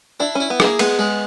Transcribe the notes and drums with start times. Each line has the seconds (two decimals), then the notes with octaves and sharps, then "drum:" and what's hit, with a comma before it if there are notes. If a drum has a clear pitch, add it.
0.20 D4 E4
0.35 C#4 E4
0.50 B3
0.60 A#3 G#4, drum: rim click
0.79 G#3 B3, drum: cymbal
0.99 G#3